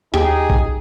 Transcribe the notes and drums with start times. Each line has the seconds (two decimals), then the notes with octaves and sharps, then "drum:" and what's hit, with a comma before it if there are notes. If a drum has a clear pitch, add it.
0.14 D#2 D#4 G4 G#4, drum: hi-hat
0.50 drum: kick